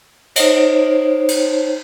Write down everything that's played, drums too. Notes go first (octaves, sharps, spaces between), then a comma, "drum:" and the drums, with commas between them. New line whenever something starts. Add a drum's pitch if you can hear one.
D#4 C5 C#5, drum: cymbal
drum: cymbal